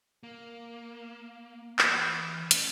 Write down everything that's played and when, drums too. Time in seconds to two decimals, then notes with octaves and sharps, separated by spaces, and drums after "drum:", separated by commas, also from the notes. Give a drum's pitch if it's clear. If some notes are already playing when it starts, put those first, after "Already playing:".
0.23 A#3
1.79 E3 B5, drum: clap
2.51 A3 C#4, drum: hi-hat